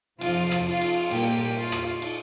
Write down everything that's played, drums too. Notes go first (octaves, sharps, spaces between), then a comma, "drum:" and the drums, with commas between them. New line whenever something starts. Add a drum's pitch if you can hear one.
F2 C3 F3 F4, drum: cymbal
drum: rim click
F4
drum: cymbal
A#2 G3 A#3 G4, drum: cymbal
F4
drum: rim click
drum: cymbal